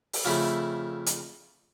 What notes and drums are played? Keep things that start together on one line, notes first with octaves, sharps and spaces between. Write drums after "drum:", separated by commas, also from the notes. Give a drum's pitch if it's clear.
drum: open hi-hat
F2 C#3 A3 E4
drum: hi-hat